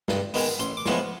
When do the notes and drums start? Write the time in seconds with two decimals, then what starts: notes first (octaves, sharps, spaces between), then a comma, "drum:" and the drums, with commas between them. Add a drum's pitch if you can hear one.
0.08 G2, drum: snare
0.34 D#3 G#3 B3, drum: open hi-hat
0.60 A1 C6, drum: hi-hat
0.77 D6
0.86 A2 F3 G#3 B3 C#6, drum: snare